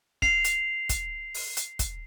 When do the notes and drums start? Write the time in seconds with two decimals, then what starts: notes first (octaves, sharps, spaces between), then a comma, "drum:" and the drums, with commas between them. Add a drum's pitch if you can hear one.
0.22 C7 F7, drum: kick
0.45 drum: hi-hat
0.89 drum: kick, hi-hat
1.34 drum: open hi-hat
1.57 drum: hi-hat
1.79 drum: kick, hi-hat